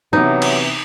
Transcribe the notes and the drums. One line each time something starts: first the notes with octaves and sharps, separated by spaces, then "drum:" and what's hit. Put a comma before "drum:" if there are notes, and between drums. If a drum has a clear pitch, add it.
C3 E3 F#3 B3 D#4
drum: cymbal